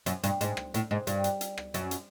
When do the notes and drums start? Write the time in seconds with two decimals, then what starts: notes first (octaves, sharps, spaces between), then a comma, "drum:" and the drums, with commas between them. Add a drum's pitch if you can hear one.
0.06 F#2, drum: hi-hat
0.24 G2, drum: hi-hat
0.41 G#2, drum: hi-hat
0.57 drum: rim click
0.74 A2, drum: hi-hat
0.91 G#2
1.07 G2, drum: hi-hat
1.24 drum: hi-hat
1.41 drum: hi-hat
1.58 drum: rim click
1.74 F#2, drum: hi-hat
1.91 drum: hi-hat